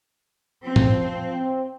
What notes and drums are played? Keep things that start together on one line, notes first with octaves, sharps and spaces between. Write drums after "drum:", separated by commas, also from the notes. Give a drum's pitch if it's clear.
F3 C4
drum: tom
C4